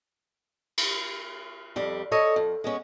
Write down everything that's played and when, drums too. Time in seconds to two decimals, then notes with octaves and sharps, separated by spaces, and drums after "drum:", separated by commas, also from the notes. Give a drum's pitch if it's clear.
0.78 drum: cymbal
1.76 F2 G3
2.11 A4 C#5 D#5
2.36 F2
2.64 G#3 B3 C#4